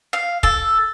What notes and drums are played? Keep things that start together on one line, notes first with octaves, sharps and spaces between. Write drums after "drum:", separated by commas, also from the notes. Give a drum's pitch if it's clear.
F5
A4, drum: kick